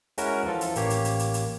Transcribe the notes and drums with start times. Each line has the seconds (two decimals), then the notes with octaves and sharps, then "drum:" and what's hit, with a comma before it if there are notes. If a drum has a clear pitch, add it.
0.18 G#3 C#4 E4 F#4 A#4, drum: hi-hat
0.44 E3 F3 F4 A4
0.61 drum: hi-hat
0.75 A1 A#3 G4 C#5, drum: hi-hat
0.90 drum: hi-hat
1.05 drum: hi-hat
1.19 drum: hi-hat
1.34 drum: hi-hat